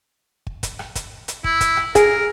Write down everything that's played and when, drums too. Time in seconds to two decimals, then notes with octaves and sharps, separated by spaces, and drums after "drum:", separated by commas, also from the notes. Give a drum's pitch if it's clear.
0.47 drum: kick
0.63 drum: kick, hi-hat
0.79 drum: rim click
0.95 drum: kick, hi-hat
1.28 drum: hi-hat
1.44 E4, drum: kick
1.61 drum: kick, hi-hat
1.77 drum: rim click
1.95 G#4 A#4, drum: kick, hi-hat